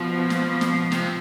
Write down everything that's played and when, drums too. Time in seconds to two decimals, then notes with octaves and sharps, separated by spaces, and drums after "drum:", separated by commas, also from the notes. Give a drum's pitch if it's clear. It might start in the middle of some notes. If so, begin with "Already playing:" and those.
Already playing: B2 F3
0.30 drum: snare
0.61 drum: snare
0.92 C3, drum: snare